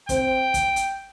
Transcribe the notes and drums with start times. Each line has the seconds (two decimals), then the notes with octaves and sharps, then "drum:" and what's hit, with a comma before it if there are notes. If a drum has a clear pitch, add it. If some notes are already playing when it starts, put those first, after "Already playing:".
0.09 C4 G5, drum: kick, hi-hat
0.54 drum: kick, hi-hat
0.76 drum: hi-hat